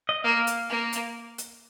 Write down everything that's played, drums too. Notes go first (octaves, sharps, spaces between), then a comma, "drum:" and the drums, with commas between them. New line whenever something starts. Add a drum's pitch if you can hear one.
D#5
A#3 F5
drum: hi-hat
A#3
drum: hi-hat
drum: hi-hat